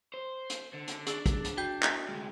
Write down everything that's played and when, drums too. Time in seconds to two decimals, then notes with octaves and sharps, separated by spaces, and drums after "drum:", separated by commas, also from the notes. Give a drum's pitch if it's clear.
0.14 C5
0.50 drum: hi-hat
0.73 D3
0.88 drum: hi-hat
1.07 D4 G#4 E6, drum: hi-hat
1.26 drum: kick, hi-hat
1.45 drum: hi-hat
1.57 F#4 G5 G6
1.83 drum: clap
2.09 D2 G#3